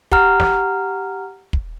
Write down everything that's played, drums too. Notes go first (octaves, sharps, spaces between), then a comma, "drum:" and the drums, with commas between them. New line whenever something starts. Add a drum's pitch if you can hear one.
G4 F#5 A#5 F6, drum: kick
drum: snare
drum: kick